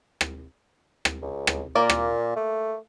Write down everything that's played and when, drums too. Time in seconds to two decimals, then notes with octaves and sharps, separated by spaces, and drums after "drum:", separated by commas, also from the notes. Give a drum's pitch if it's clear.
0.21 drum: rim click
1.05 drum: rim click
1.22 C#2
1.47 drum: rim click
1.75 A#2 A#3 A#4 D5
1.90 drum: rim click
2.36 A3